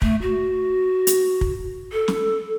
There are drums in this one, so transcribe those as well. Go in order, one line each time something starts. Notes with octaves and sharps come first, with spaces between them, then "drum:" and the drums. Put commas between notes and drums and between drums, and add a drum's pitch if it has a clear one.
A3, drum: kick
F#4
drum: hi-hat
drum: kick
A4
drum: snare